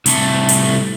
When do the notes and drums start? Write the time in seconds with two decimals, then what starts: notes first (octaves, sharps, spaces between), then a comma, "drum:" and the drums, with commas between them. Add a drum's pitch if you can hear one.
0.06 C2 A3, drum: hi-hat
0.49 drum: hi-hat